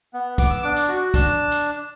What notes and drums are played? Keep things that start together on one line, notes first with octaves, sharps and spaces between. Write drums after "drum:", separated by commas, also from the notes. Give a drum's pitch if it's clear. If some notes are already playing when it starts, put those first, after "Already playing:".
B3
B3 D6, drum: kick, hi-hat
E6
D4 D6
drum: hi-hat
F#4
D4 A5, drum: kick, hi-hat
drum: hi-hat